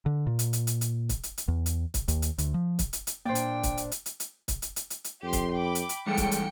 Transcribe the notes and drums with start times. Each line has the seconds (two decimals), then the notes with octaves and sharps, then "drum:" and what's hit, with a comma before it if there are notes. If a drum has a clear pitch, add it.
0.06 D3
0.27 A#2
0.39 drum: hi-hat
0.53 drum: hi-hat
0.67 drum: hi-hat
0.81 drum: hi-hat
1.09 drum: kick, hi-hat
1.23 drum: hi-hat
1.38 drum: hi-hat
1.48 E2
1.66 drum: hi-hat
1.94 drum: kick, hi-hat
2.08 D#2, drum: hi-hat
2.22 drum: hi-hat
2.38 D2, drum: hi-hat
2.54 F3
2.79 drum: kick, hi-hat
2.93 drum: hi-hat
3.07 drum: hi-hat
3.25 A#2 A#3 D4 C5 D5 G5
3.35 drum: hi-hat
3.63 drum: kick, hi-hat
3.77 drum: hi-hat
3.92 drum: hi-hat
4.06 drum: hi-hat
4.20 drum: hi-hat
4.48 drum: kick, hi-hat
4.62 drum: hi-hat
4.76 drum: hi-hat
4.90 drum: hi-hat
5.04 drum: hi-hat
5.23 F2 G4 C6
5.33 drum: kick, hi-hat
5.53 G5 B5 D6
5.75 drum: hi-hat
5.89 drum: hi-hat
6.07 E2 G3 G#3 A4 G5 C#7
6.17 drum: kick, hi-hat
6.31 drum: hi-hat